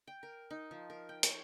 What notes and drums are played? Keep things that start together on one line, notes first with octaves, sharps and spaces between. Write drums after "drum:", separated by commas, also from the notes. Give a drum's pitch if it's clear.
G5
A#4
D#4
F3
A#4
G5
C#5, drum: hi-hat